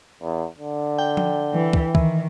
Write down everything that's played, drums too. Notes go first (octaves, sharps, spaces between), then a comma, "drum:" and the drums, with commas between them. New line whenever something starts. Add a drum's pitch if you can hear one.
E2
D3
G5
drum: tom F3
E3
drum: kick
D#3 E3, drum: kick